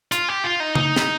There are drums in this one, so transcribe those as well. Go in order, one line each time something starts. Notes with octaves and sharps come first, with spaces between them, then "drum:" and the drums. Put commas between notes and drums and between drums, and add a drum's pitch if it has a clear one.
F4, drum: hi-hat
G4
F4
D#4
D#4, drum: tom C#3
drum: snare